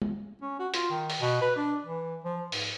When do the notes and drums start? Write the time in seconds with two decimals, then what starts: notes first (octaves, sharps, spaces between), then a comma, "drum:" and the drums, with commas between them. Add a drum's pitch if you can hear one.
0.02 drum: tom
0.41 C#4
0.59 F#4
0.74 F4, drum: hi-hat
0.90 D#3
1.10 drum: open hi-hat
1.21 B2
1.41 B4
1.56 D4
1.85 E3
2.24 F3
2.52 G#2, drum: open hi-hat